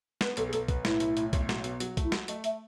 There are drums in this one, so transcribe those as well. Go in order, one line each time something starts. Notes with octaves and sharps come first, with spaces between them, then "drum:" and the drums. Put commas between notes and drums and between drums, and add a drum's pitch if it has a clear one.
B3 B4, drum: snare
B1 A4, drum: hi-hat
G#4
B1 A4, drum: hi-hat
B3, drum: kick B1, hi-hat
A2 E4, drum: snare
B1, drum: hi-hat
A2, drum: hi-hat
B1, drum: kick B1, hi-hat
F#3, drum: snare
B2, drum: hi-hat
F#3, drum: hi-hat
A3, drum: kick B1, hi-hat
E4
F#3 F#4, drum: snare
A3 D#5, drum: hi-hat
A3 E5, drum: hi-hat